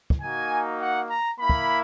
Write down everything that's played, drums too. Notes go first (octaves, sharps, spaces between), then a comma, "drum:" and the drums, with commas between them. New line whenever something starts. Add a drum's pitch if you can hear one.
drum: kick
A#3 D#4 F#4 G#5
F#5
A#5
A#3 E4 B5
drum: kick